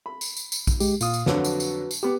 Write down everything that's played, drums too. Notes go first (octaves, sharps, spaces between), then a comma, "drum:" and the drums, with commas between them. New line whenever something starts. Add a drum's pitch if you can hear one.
B5
drum: tambourine
drum: tambourine
drum: tambourine
drum: kick A#1, tambourine
G#3 G4, drum: tambourine
A#2 F4 D#6, drum: tambourine
drum: tambourine
F2 D3 F#3 F#4 B4, drum: snare
drum: tambourine
drum: tambourine
drum: tambourine
B3 G4 D6